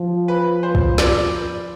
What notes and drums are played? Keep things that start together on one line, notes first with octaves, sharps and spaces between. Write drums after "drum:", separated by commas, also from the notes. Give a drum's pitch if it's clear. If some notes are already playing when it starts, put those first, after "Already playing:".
Already playing: F3
B4
C5
drum: kick
D5, drum: snare